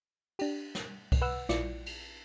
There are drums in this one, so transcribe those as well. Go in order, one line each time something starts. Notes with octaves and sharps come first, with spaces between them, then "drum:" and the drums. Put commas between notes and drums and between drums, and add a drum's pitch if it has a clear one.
D4 G4, drum: cymbal
drum: snare
drum: kick C2, cymbal
B4 F#5 E6
A#1 E4 F4 D5 C#7, drum: snare
drum: cymbal